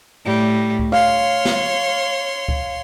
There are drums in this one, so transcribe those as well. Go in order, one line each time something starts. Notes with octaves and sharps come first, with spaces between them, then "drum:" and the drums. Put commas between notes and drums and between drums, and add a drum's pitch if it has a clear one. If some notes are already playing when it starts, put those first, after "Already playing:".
A2 G3
drum: kick C#2
C#5 F5 C6
drum: snare
drum: kick C#2